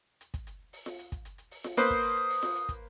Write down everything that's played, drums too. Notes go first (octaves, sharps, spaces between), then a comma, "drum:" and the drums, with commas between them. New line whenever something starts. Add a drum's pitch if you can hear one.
drum: hi-hat
drum: kick, hi-hat
drum: hi-hat
drum: open hi-hat
drum: snare F4
drum: hi-hat
drum: kick, hi-hat
drum: hi-hat
drum: hi-hat
drum: open hi-hat
drum: snare F4
A#3 B4 C5 D#6, drum: hi-hat
drum: kick, hi-hat
drum: hi-hat
drum: hi-hat
drum: open hi-hat
drum: snare F4
drum: hi-hat
drum: kick, hi-hat